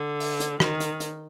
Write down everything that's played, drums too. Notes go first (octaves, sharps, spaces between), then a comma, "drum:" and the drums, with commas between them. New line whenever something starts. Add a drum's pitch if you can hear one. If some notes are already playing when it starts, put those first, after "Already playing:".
Already playing: D3
drum: open hi-hat
drum: hi-hat
D#3, drum: rim click
drum: hi-hat
drum: hi-hat